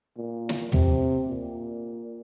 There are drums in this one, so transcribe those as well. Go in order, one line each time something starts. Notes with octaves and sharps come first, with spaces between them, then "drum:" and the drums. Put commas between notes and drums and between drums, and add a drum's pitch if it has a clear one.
A#2
drum: snare
C3, drum: tom
A#2